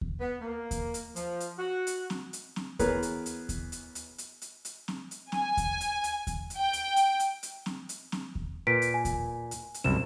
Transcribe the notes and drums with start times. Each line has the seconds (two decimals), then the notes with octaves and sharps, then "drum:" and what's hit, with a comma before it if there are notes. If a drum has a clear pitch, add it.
0.01 drum: kick D#2
0.21 B3
0.41 A#3
0.71 drum: kick D#2, hi-hat
0.94 drum: hi-hat
1.16 F3, drum: hi-hat
1.40 drum: hi-hat
1.59 F#4
1.87 drum: hi-hat
2.10 drum: snare C4
2.33 drum: hi-hat
2.56 drum: snare C4
2.79 E3 B3 G#4 A#4 B4 C#5, drum: kick D#2, hi-hat
3.03 drum: hi-hat
3.26 drum: hi-hat
3.49 drum: kick D#2, hi-hat
3.72 drum: hi-hat
3.95 drum: hi-hat
4.18 drum: hi-hat
4.42 drum: hi-hat
4.65 drum: hi-hat
4.88 drum: snare C4
5.11 drum: hi-hat
5.32 G#5, drum: snare C4
5.57 drum: kick D#2, hi-hat
5.81 drum: hi-hat
6.04 drum: hi-hat
6.27 drum: kick D#2, hi-hat
6.50 drum: hi-hat
6.59 G5
6.73 drum: hi-hat
6.96 drum: hi-hat
7.20 drum: hi-hat
7.43 drum: hi-hat
7.66 drum: snare C4
7.89 drum: hi-hat
8.12 drum: snare C4
8.35 drum: kick D#2
8.67 A#2 B4 B6 D7
8.82 drum: hi-hat
8.94 G#5
9.05 drum: kick D#2, hi-hat
9.51 drum: hi-hat
9.74 drum: hi-hat
9.84 C2 F#2 E7